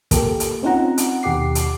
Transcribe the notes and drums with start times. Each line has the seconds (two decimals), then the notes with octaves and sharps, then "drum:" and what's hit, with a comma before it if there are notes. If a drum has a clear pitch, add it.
0.11 A#3 G4 A4, drum: kick, hi-hat
0.40 drum: hi-hat
0.63 C4 C#4 D#4 F4 F#5 A#5
0.98 drum: hi-hat
1.23 D#2 B2 G4 F#5 D6 C7
1.55 drum: hi-hat